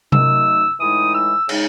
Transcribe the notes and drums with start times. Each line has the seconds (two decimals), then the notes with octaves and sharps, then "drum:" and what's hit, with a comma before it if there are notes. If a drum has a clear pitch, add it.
0.12 F#2 D#3 F#3 A3 D#4 E6, drum: tom C3
0.80 A2 E3 G#3 D#4 D#6
1.15 E6
1.49 C#3 G#3 D#4, drum: cymbal